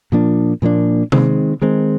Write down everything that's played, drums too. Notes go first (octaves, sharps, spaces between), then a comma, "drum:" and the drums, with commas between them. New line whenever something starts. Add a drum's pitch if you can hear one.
A#2 F3 A#3 D4
A#2 F3 A#3 D4
D#3 G#3 C4, drum: tom C3
D#3 G#3 C4